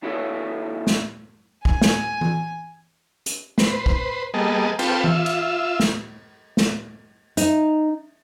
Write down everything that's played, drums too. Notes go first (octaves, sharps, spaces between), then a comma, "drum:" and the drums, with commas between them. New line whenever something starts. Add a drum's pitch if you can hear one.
D#2 D4 E4 F#4 A4 C#5
drum: snare
G#5, drum: kick
drum: snare
drum: tom E3
drum: hi-hat
B4 C5, drum: snare
drum: kick
G3 A#3 B3 G#4 A4 D#5
C4 F4 A4 B4 G5, drum: cymbal
F4 E5, drum: tom E3
drum: cymbal
drum: snare
drum: snare
D#4, drum: hi-hat